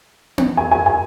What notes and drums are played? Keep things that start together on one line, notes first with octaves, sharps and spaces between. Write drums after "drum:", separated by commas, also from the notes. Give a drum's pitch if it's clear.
drum: tom B3
G#5
G#5
G#5